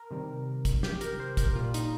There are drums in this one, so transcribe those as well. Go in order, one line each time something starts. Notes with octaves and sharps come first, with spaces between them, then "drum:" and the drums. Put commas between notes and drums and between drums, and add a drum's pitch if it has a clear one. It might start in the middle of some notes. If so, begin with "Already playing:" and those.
Already playing: A#4
C3 D#3 G3
drum: kick, hi-hat
G4, drum: snare
A#4, drum: hi-hat
C5
A#4, drum: kick, hi-hat
A#2 G3 F4
D#4, drum: hi-hat